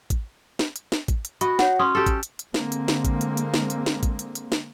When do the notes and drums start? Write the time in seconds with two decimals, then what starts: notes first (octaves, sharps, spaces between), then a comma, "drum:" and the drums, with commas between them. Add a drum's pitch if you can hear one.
0.10 drum: kick A1, hi-hat
0.59 drum: snare
0.76 drum: hi-hat
0.92 drum: snare
1.08 drum: kick A1, hi-hat
1.25 drum: hi-hat
1.41 F#4 D#5 B5, drum: hi-hat
1.59 C#5 F#5, drum: snare
1.79 C#4 C6 D#6
1.95 G4 A4
2.06 drum: kick A1, hi-hat
2.23 drum: hi-hat
2.39 drum: hi-hat
2.54 D3 G#3 A#3 C4, drum: snare
2.72 drum: hi-hat
2.88 drum: snare
3.05 drum: kick A1, hi-hat
3.21 drum: hi-hat
3.37 drum: hi-hat
3.54 drum: snare
3.70 drum: hi-hat
3.86 drum: snare
4.03 drum: kick A1, hi-hat
4.19 drum: hi-hat
4.35 drum: hi-hat
4.52 drum: snare